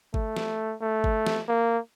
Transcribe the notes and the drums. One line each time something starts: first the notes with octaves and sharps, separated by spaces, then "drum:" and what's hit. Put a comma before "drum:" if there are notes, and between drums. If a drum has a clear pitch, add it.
A3, drum: kick G1
drum: snare
A3
drum: kick G1
drum: snare
A#3